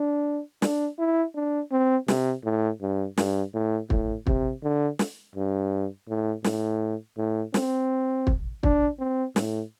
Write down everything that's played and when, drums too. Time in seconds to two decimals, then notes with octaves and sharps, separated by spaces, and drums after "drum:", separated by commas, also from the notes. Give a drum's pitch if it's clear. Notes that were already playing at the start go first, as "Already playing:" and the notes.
Already playing: D4
0.62 D4, drum: snare
0.99 E4
1.35 D4
1.72 C4
2.08 C3, drum: snare
2.44 A2
2.81 G2
3.17 G2, drum: snare
3.54 A2
3.90 A2, drum: kick
4.27 C3, drum: kick
4.63 D3
4.99 drum: snare
5.35 G2
6.08 A2
6.44 A2, drum: snare
7.18 A2
7.54 C4, drum: snare
8.27 drum: kick
8.63 D4, drum: kick
8.99 C4
9.36 A2, drum: snare